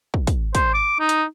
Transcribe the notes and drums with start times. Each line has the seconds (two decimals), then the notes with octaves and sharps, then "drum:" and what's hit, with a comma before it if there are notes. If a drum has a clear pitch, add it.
0.14 drum: kick
0.27 drum: kick, hi-hat
0.55 C5, drum: kick, hi-hat
0.74 D6
1.00 D#4
1.09 drum: hi-hat